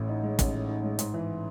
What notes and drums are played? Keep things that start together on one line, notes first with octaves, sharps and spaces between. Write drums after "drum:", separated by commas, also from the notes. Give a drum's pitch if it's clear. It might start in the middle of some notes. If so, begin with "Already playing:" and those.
Already playing: A1 A2
D#4
G#3
A1, drum: kick, hi-hat
A2
D#4
G#3
G#2, drum: hi-hat
E3